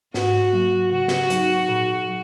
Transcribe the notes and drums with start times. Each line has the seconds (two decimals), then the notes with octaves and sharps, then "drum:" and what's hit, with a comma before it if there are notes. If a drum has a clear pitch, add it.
0.14 G#2 F#4, drum: snare
0.53 F#3 A#3
0.92 C#3 F#4
1.08 drum: snare
1.30 F#3 D#4 G#4, drum: hi-hat
1.69 A#2
2.07 F#3